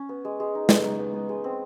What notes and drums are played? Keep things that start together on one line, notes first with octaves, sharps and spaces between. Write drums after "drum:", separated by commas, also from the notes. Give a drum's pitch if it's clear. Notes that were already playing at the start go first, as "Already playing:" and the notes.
Already playing: C#4
B3
G#3
G#3
D#4
B3 B4, drum: snare
D#4
B3
B3
G#3
C4